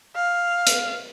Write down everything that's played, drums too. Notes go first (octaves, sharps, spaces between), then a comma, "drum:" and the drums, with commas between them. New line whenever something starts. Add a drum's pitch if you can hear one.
F5
drum: hi-hat